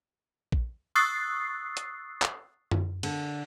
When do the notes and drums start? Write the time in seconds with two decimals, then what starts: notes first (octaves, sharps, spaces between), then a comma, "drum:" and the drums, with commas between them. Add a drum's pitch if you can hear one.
0.52 drum: kick A#1
0.95 C#6 D#6 E6 F#6 A6 C7
1.77 drum: hi-hat
2.22 drum: clap
2.71 drum: tom F#2
3.03 D3, drum: cymbal